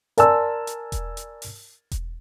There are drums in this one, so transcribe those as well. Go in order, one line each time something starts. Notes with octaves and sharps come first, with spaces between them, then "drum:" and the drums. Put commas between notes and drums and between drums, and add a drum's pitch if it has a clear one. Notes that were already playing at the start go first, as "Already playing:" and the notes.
A#4 D5 G#5 A5 C6 E6, drum: hi-hat
drum: hi-hat
drum: kick E1, hi-hat
drum: hi-hat
drum: open hi-hat
drum: kick E1, hi-hat